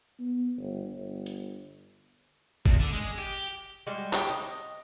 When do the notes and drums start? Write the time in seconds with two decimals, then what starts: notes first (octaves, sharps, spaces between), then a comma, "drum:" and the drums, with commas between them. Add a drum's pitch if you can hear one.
0.19 B3
0.57 G1
0.94 G1
1.26 drum: hi-hat
2.65 E2, drum: kick
2.79 D3
2.93 G#3
3.18 G4
3.87 G3 G#3 F#4
4.13 C4 G4 C#5, drum: clap
4.30 D#5